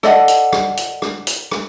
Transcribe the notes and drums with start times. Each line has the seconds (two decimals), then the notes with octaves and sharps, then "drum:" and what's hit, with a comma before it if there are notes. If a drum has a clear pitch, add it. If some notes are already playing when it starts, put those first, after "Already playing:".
0.03 A4 D5 D#5 F#5, drum: rim click
0.28 drum: hi-hat
0.53 drum: rim click
0.77 drum: hi-hat
1.02 drum: rim click
1.27 drum: hi-hat
1.51 drum: rim click